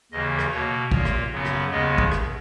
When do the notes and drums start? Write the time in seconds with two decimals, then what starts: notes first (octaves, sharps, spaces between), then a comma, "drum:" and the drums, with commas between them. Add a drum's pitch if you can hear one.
0.12 D#2 C#3 E3 A#3 D#5
0.39 drum: rim click
0.52 B2 A#3 C#5
0.91 A#2 A#3 C#5, drum: kick
1.05 drum: rim click
1.32 F#2 C#3 F#3 B3
1.45 drum: rim click
1.71 D#2 C#3 G#3 B3 D#5
1.98 drum: kick
2.12 drum: rim click